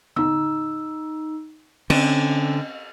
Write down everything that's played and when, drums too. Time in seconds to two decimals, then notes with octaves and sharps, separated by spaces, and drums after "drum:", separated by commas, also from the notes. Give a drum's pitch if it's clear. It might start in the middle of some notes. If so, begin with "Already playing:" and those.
0.16 D#4 E6, drum: tom
1.90 D3 C4 C#4, drum: cymbal